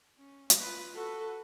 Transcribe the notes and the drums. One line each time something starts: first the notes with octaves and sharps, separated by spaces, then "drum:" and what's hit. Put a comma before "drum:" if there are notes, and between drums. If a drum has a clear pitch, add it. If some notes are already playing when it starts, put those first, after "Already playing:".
C#4
drum: hi-hat
F4 B4
F#4 A4 B4